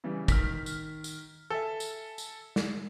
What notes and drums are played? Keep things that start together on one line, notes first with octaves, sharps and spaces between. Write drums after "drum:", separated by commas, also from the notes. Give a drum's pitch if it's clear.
C#3 E3 G3
D#3 F6 B6, drum: kick, tambourine
drum: tambourine
drum: tambourine
A4 E5 G#5 E6
drum: tambourine
drum: tambourine
drum: snare